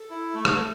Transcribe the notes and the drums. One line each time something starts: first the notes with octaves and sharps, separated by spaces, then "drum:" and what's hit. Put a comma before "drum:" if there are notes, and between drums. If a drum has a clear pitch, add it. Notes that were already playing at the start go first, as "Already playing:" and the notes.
Already playing: A4
E4
A3
drum: rim click